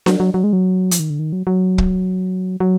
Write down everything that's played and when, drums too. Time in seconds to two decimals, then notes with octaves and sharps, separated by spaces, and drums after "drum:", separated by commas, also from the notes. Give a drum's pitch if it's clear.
0.06 F#3, drum: snare D4
0.20 F#3
0.34 F#3
0.44 G#3
0.53 F#3
0.91 F3, drum: hi-hat
1.00 D#3
1.10 D3
1.19 D#3
1.33 F#3
1.47 F#3
1.78 drum: kick
2.60 F#3